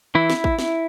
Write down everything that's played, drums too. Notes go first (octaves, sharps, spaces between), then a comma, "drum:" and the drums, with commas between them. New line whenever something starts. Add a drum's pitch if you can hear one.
E3 E4
drum: snare
drum: kick
drum: snare